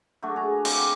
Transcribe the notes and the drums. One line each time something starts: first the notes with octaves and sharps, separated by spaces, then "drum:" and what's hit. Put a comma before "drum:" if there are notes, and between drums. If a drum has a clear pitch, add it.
F#3 A3 D4 F#4
G#4 A#5
C4 F5 D6, drum: cymbal